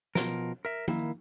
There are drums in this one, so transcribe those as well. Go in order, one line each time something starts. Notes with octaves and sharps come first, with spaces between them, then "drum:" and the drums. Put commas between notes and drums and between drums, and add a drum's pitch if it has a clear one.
B2 F3 A#4, drum: snare
A#4 E5
D#3 A#3 E4, drum: tom